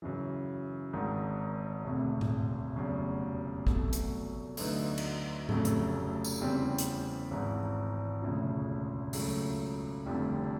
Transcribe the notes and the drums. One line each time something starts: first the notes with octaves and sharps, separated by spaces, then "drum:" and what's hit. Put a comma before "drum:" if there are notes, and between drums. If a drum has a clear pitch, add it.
F#2 C#3 E3
G#1 G#2 D#3
E1 D2 C3
drum: tom A2
F1 E2 C#3 F#3
C2 B2 F#3 A3, drum: kick
drum: hi-hat
D2 D3 F#3 B3 D#4, drum: open hi-hat
drum: cymbal
F1 F2 C#3 F#3 A3, drum: tom A2
drum: hi-hat
drum: tambourine
E2 C#3 E3 G3 C4
drum: hi-hat
G#1 G#2 E3
E1 D2 C#3 F3
C#2 C#3 F#3 A3, drum: open hi-hat
F1 F2 D3 G3 C4